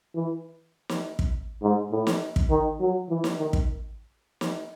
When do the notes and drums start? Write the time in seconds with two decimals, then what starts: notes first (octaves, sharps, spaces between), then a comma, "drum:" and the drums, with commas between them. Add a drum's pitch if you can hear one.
0.16 E3
0.89 drum: snare
1.19 drum: kick
1.62 G#2
1.92 A2
2.07 drum: snare
2.36 drum: kick
2.50 D#3
2.80 F#3
3.10 E3
3.24 drum: snare
3.39 D#3
3.53 drum: kick
4.41 drum: snare